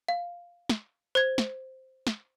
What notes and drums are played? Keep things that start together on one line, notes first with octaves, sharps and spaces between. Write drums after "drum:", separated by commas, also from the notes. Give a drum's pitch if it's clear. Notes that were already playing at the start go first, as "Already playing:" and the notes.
F5
drum: snare
C5 G#6
drum: snare
drum: snare